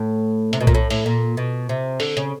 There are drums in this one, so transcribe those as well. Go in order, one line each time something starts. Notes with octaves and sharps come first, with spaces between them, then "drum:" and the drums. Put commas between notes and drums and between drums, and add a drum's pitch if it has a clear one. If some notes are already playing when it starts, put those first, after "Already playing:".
Already playing: A2
C3, drum: hi-hat
B2
A#2, drum: kick B1
A2
A2, drum: open hi-hat
A#2
B2
C3
D3, drum: open hi-hat
C#3, drum: hi-hat